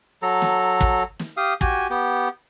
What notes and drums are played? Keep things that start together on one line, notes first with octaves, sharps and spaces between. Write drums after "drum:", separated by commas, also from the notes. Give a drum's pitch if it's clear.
F#3 A4 A#5
drum: snare
drum: kick
drum: snare
G4 F5 D#6
F#4 G4 G#5, drum: kick
B3 G4